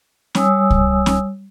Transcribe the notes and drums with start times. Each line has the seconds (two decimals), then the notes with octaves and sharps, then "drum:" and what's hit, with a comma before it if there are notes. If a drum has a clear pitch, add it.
0.35 G3 C#5 G#5 D#6 E6, drum: snare
0.70 drum: kick C2
1.06 drum: snare